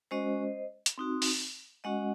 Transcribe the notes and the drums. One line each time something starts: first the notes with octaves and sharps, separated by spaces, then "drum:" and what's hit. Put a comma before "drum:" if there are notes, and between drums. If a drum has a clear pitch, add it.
G#3 C#4 F#4 C5 D#5
drum: hi-hat
C4 D#4 F#4
drum: open hi-hat
G#3 C#4 F#4 D#5 F#5